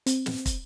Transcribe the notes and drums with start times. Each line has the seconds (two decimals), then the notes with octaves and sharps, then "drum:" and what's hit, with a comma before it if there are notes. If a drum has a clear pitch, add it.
0.06 C4, drum: hi-hat
0.26 drum: snare
0.46 drum: kick, hi-hat